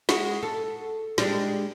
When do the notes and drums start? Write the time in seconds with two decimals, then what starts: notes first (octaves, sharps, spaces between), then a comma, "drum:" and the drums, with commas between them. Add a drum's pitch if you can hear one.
0.09 G#3 F#4, drum: snare
0.43 A4
1.18 G3 G#3 D4, drum: snare